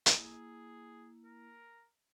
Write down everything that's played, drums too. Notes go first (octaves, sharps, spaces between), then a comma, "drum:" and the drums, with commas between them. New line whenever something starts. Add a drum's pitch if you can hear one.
drum: hi-hat
A#3 E4 G#4
A#4